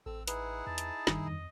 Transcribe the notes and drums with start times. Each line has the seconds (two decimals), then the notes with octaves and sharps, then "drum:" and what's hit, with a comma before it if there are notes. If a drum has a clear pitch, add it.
0.06 A1 C4 A4 E6
0.28 D#4 E4 G#4 B4 F#5, drum: hi-hat
0.67 E2 A5
0.78 drum: hi-hat
1.07 F#1 G2 D#3, drum: snare
1.26 F2 D#5